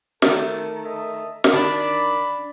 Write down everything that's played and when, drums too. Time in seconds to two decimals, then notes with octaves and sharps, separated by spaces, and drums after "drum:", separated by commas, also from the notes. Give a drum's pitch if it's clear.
0.22 D#3 A3 A4, drum: snare
0.84 D#5 E5 A5
1.44 drum: snare
1.53 D#3 D4 B5